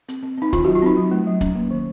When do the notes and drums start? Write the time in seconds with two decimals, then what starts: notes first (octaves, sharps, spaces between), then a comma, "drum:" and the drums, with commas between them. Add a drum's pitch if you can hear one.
0.09 C4, drum: hi-hat
0.23 C4
0.38 C4 D#4
0.53 D#3 F4, drum: kick, hi-hat
0.64 F#3 F#4
0.75 F4
0.82 C4 D#4
0.97 F#3
1.11 A3
1.27 F#3
1.41 C#4, drum: kick, hi-hat
1.56 A#3
1.71 D#3